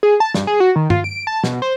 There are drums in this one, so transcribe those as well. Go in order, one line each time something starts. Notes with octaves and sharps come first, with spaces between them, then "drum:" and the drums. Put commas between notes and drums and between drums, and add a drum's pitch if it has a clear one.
G#4
A5
G2, drum: snare
G#4
F#4
D#3
F4, drum: tom G2
D7
A5
B2, drum: snare
C5